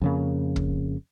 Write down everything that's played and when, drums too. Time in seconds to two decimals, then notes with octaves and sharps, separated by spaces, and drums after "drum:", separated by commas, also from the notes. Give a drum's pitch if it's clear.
0.02 F2 C#3 A#3
0.56 drum: kick